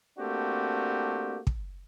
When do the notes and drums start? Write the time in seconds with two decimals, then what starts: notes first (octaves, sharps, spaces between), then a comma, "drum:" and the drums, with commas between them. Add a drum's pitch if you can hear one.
0.17 A3 A#3 C4 D4 F#4 G4
1.47 drum: kick